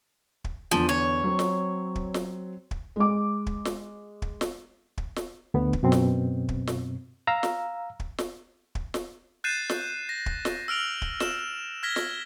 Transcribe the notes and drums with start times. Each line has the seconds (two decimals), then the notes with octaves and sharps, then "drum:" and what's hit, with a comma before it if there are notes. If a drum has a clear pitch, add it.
0.44 drum: kick
0.71 E2 D3 F3
0.89 C#5
1.24 F#3 C4
1.39 drum: snare
1.95 drum: kick
2.14 drum: snare
2.71 drum: kick
2.96 G#3 D6
3.46 drum: kick
3.65 drum: snare
4.22 drum: kick
4.41 drum: snare
4.98 drum: kick
5.16 drum: snare
5.54 D2 B3
5.73 drum: kick
5.83 F#2 B2 C4
5.92 drum: snare
6.49 drum: kick
6.67 drum: snare
7.27 F5 A#5 E6
7.43 drum: snare
8.00 drum: kick
8.18 drum: snare
8.75 drum: kick
8.94 drum: snare
9.44 F#6 G6 A6 C7 D#7 E7
9.69 drum: snare
10.09 A#6
10.26 drum: kick
10.45 drum: snare
10.68 E6 F6 D7 F7
11.02 drum: kick
11.20 E7, drum: snare
11.83 F6 G#6 A#6 B6 G7
11.96 drum: snare